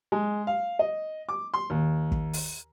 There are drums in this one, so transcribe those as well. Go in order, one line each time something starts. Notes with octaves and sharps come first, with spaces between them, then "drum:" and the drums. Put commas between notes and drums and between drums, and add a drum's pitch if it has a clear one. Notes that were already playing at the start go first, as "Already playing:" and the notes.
G#3
F5
D#5
D6
C6
D#2
drum: kick
drum: open hi-hat